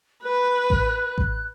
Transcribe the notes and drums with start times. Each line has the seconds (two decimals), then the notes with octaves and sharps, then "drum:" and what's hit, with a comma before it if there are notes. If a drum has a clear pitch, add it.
0.23 B4 F#6
0.70 drum: kick A1
1.18 drum: kick A1